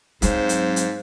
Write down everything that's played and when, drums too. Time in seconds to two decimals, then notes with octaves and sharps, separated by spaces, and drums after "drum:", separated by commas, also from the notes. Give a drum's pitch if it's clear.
0.22 G#2 F#3 C4 C5 F5, drum: hi-hat
0.49 drum: hi-hat
0.76 drum: hi-hat